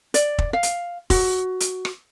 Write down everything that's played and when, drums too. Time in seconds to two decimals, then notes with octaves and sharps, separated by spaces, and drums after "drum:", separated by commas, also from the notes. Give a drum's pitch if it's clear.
0.14 D5, drum: hi-hat
0.38 drum: kick
0.53 F5
0.63 drum: hi-hat
1.10 F#4, drum: kick, open hi-hat
1.60 drum: hi-hat
1.85 drum: rim click